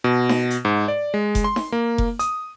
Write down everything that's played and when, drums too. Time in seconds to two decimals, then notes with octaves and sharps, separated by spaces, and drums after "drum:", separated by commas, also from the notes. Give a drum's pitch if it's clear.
0.04 B2
0.29 drum: snare D#4
0.50 drum: hi-hat
0.65 G#2
0.88 D5
1.14 G#3
1.35 drum: kick F1, hi-hat
1.44 C6
1.56 drum: snare D#4
1.72 A#3
1.98 drum: kick F1
2.19 D#6, drum: hi-hat